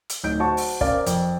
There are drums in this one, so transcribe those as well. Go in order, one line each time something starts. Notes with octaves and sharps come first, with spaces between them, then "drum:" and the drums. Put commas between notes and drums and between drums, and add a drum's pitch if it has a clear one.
drum: hi-hat
D1 D#4 G6 D7
F#4 C5 A5 C#6
drum: open hi-hat
C4 C#4 A#4 D5 F5, drum: kick
F2, drum: hi-hat